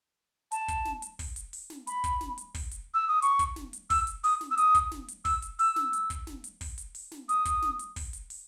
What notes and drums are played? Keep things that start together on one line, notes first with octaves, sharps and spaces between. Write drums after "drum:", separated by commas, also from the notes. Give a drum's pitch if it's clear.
A5, drum: hi-hat
drum: kick, hi-hat
drum: snare
drum: hi-hat
drum: kick, open hi-hat
drum: hi-hat
drum: open hi-hat
drum: snare
B5, drum: hi-hat
drum: kick, hi-hat
drum: snare
drum: hi-hat
drum: kick, open hi-hat
drum: hi-hat
E6
D#6
C#6, drum: hi-hat
drum: kick, hi-hat
drum: snare
drum: hi-hat
E6, drum: kick, open hi-hat
drum: hi-hat
D#6, drum: open hi-hat
drum: snare
E6
D#6, drum: hi-hat
drum: kick, hi-hat
drum: snare
drum: hi-hat
E6, drum: kick, open hi-hat
drum: hi-hat
E6, drum: open hi-hat
drum: snare
drum: hi-hat
drum: kick, hi-hat
drum: snare
drum: hi-hat
drum: kick, open hi-hat
drum: hi-hat
drum: open hi-hat
drum: snare
D#6, drum: hi-hat
drum: kick, hi-hat
drum: snare
drum: hi-hat
drum: kick, open hi-hat
drum: hi-hat
drum: open hi-hat